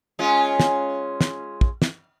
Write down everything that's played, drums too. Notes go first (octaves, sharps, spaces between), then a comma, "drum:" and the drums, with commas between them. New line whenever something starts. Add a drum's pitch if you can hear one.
G#3 C#4 F4
drum: snare
drum: snare
drum: kick
drum: snare